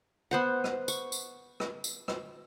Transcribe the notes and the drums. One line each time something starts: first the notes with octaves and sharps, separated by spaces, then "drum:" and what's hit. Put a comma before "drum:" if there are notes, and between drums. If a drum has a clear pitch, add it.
B3 C5 F#5
drum: rim click
C#6, drum: tambourine
drum: tambourine
drum: rim click
drum: tambourine
drum: rim click